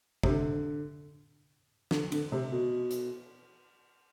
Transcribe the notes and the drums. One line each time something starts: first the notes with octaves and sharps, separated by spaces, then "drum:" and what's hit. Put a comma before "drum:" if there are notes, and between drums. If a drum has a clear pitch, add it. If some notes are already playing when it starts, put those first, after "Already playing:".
C3, drum: kick
D3
D3, drum: snare
D3, drum: cymbal
C3
B2
drum: hi-hat